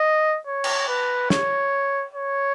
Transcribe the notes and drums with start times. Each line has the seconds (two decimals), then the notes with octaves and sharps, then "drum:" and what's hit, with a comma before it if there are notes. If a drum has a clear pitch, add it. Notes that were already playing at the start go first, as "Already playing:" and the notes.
Already playing: D#5
0.48 C#5
0.64 drum: cymbal
0.89 B4
1.30 C#5, drum: snare
2.15 C#5